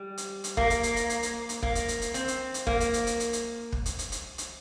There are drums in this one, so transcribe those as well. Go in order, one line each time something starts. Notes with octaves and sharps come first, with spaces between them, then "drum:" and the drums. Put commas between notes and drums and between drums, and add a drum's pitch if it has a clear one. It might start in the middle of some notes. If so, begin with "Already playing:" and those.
Already playing: G3
drum: hi-hat
drum: hi-hat
A#3, drum: kick
drum: hi-hat
drum: hi-hat
drum: hi-hat
drum: hi-hat
drum: hi-hat
drum: hi-hat
A#3, drum: kick
drum: hi-hat
drum: hi-hat
drum: hi-hat
C4, drum: hi-hat
drum: hi-hat
drum: hi-hat
A#3, drum: kick
drum: hi-hat
drum: hi-hat
drum: hi-hat
drum: hi-hat
drum: hi-hat
drum: kick
drum: hi-hat
drum: hi-hat
drum: hi-hat
drum: hi-hat